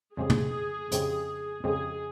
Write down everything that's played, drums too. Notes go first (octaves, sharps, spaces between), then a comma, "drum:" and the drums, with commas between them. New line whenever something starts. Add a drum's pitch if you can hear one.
F2 C#3 G#3 C4 G4 G#4
drum: tom
F2 C#3 G#3 C4 G4, drum: hi-hat
F2 C#3 G#3 C4 G4 G#4